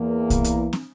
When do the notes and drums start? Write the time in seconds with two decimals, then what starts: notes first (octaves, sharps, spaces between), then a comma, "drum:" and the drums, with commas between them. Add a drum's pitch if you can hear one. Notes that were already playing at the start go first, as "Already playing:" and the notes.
Already playing: E2 E3 A#3
0.30 drum: kick, hi-hat
0.44 drum: hi-hat
0.73 drum: snare